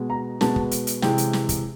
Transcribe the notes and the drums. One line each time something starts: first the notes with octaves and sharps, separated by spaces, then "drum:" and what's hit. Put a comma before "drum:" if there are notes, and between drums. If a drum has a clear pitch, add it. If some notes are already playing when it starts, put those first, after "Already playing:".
Already playing: B2 G#3 B3
A#5
B2 G#3 B3 A5, drum: snare
drum: kick
drum: hi-hat
drum: hi-hat
C3 E3 G#3 G5, drum: snare
drum: hi-hat
drum: snare
drum: kick, hi-hat